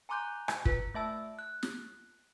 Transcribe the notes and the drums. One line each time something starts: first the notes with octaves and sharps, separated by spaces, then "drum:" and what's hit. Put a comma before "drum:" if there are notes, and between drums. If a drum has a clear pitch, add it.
G#5 A#5 C6 D6 F#6 G6
drum: rim click
F4 B4, drum: kick
A3 E5 A5 E6
F#6
drum: snare